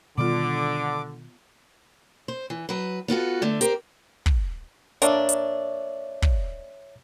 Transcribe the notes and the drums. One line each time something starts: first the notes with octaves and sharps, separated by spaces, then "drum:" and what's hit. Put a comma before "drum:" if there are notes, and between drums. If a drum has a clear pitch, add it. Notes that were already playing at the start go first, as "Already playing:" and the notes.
B2 D3 D#3 G3 B3 F4 D6
C5
E3
F#3 B4
B3 F4 F#4 A4
D3 A3
G4 A#4 C5, drum: hi-hat
drum: kick
A#3 D4 C#5 E5, drum: hi-hat
drum: hi-hat
drum: kick